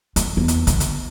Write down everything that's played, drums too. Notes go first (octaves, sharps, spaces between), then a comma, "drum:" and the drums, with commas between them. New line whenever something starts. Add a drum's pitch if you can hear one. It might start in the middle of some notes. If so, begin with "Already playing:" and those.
F2, drum: hi-hat
E2
drum: hi-hat
D3, drum: kick, hi-hat
drum: hi-hat